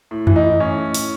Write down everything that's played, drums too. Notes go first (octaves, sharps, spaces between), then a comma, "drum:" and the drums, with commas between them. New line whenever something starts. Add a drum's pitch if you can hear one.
A2
E3, drum: tom F2
D#4
E3
A2 C#4
A2
A2, drum: open hi-hat